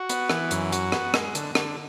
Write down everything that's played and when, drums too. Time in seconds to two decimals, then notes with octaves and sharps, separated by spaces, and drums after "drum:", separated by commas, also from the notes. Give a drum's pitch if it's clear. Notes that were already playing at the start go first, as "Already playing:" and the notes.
Already playing: F#4
0.09 B3, drum: hi-hat
0.30 E3, drum: rim click
0.51 F#2, drum: hi-hat
0.72 F#4, drum: hi-hat
0.92 B3, drum: rim click
1.14 G#3, drum: rim click
1.35 D3, drum: hi-hat
1.55 D3, drum: rim click